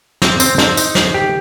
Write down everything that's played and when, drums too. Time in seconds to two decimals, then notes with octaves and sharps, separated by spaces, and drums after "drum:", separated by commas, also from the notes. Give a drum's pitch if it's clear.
0.22 C4, drum: snare
0.40 C4, drum: tambourine
0.58 C4, drum: snare
0.77 D#4, drum: tambourine
0.95 C5, drum: snare
1.14 G4